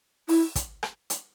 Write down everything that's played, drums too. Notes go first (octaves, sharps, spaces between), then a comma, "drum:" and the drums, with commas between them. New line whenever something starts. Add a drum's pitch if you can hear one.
E4, drum: open hi-hat
drum: kick, hi-hat
drum: rim click
drum: hi-hat